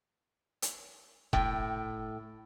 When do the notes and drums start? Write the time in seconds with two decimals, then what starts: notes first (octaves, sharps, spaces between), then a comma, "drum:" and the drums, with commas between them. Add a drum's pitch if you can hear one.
0.62 drum: hi-hat
1.33 A2 G5, drum: kick F1